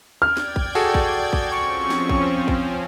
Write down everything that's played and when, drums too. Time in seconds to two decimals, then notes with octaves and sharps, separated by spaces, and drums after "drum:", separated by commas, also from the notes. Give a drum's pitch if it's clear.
0.22 D5 G5 F6 G#6
0.37 drum: snare
0.56 drum: kick
0.75 F#4 G#4 A4
0.94 drum: kick
1.33 drum: kick
1.52 F3 C4 C#4 C#6
1.90 drum: snare
2.09 drum: kick
2.48 drum: kick